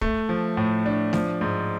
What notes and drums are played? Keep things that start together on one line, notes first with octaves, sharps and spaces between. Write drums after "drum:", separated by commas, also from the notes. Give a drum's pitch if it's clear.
A3, drum: kick
F3
A2
D4
F3, drum: snare A3
G#2